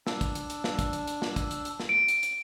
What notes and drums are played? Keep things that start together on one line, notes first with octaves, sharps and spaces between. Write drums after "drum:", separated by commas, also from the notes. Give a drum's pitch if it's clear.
D4 E6, drum: snare
drum: kick, hi-hat
drum: hi-hat
drum: hi-hat
drum: snare
drum: kick, hi-hat
drum: hi-hat
drum: hi-hat
drum: snare
drum: kick, hi-hat
drum: hi-hat
drum: hi-hat
drum: snare
D7
drum: hi-hat
drum: hi-hat